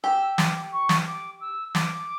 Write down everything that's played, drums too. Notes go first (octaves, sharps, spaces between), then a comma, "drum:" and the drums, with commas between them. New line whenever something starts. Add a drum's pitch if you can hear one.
G4 E6
D6, drum: snare
C#6
drum: snare
D6
E6
D6, drum: snare